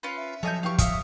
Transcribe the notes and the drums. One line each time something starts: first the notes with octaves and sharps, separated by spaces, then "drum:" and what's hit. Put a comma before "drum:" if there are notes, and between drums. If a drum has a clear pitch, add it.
C#4 F4 B4
E5
F3 F#3 A4 C#5 D#5 G#5 A5 G6
E3 G4 F5 G5 C#6
C#5 E5 F5 D#6, drum: kick, hi-hat